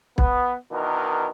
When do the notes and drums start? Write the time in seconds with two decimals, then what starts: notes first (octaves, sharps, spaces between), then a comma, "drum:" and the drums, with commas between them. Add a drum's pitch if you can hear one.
0.18 B3, drum: kick
0.72 B2 D#3 E3 D4 A#4